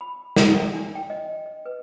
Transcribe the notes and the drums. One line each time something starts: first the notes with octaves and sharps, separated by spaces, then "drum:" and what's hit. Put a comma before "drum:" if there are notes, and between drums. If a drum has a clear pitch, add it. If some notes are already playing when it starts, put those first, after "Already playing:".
B5
D5, drum: snare
G5
D4
G5
D#5
D#5
B4